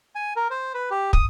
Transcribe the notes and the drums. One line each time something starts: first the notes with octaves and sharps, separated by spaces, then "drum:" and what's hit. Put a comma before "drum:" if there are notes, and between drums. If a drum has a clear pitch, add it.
G#5
A#4
C5
B4
G4
D#6, drum: kick